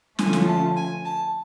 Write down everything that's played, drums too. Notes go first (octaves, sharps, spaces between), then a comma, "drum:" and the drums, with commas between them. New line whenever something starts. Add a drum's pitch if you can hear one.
D3 F3 A3 C#4 F4 G#5, drum: snare
drum: snare
A5
G#5
A5